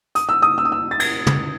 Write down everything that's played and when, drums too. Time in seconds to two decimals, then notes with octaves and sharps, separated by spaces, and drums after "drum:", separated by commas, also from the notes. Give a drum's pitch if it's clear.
0.15 D#6, drum: hi-hat
0.29 E6
0.42 D#6
0.58 E6
0.65 D#6
0.72 E6
0.91 A6
1.00 G#6, drum: cymbal
1.27 drum: tom